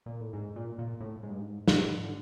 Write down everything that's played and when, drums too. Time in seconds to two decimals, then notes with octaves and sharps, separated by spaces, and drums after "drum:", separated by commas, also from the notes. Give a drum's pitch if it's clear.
0.06 A#2
0.20 A2
0.33 G#2
0.56 A#2
0.78 A#2
1.00 A2
1.23 G#2
1.30 G2
1.39 G#2
1.68 G#2, drum: snare
2.03 D3